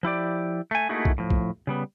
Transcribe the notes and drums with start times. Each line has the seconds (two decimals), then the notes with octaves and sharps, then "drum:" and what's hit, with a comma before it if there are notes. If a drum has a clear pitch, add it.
0.03 F3 E4 G4 D5
0.71 A3 G#5
0.89 A3 A#3 D#4 E4 F#4 G#4
1.05 drum: kick
1.18 A2 F3
1.30 drum: kick
1.67 C#3 G3 B3